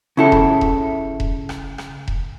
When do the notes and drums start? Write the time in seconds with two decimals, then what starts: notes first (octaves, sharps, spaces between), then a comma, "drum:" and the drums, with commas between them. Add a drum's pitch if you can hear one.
0.17 C#3 E4 A4
0.32 drum: kick E1
0.61 drum: kick E1
1.20 drum: kick E1
1.49 drum: rim click
1.78 drum: rim click
2.08 drum: kick E1